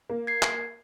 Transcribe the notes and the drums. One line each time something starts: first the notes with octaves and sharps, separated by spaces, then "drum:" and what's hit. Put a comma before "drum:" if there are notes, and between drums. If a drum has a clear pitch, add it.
A#3
G#6 C7
drum: clap